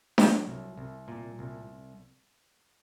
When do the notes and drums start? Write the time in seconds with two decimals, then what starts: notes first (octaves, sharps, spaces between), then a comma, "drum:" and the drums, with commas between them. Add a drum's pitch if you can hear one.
0.18 F#3, drum: snare D4
0.47 C2
0.77 C2
1.08 A#2
1.39 C2